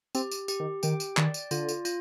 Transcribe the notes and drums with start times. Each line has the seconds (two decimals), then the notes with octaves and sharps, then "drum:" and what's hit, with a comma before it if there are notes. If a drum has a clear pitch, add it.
0.15 C4 G4, drum: tambourine
0.31 drum: tambourine
0.48 G4, drum: tambourine
0.60 D#3
0.83 D#3 G5, drum: tambourine
1.00 drum: tambourine
1.17 D#3 D5, drum: clap
1.34 drum: tambourine
1.51 D3 F4, drum: tambourine
1.68 drum: tambourine
1.85 F4, drum: tambourine